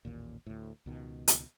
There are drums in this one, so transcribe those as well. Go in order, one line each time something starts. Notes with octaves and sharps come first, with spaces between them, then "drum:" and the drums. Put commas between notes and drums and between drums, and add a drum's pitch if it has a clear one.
A1 D#2 A#2
D2 A2
C#2 B2 D#3
drum: hi-hat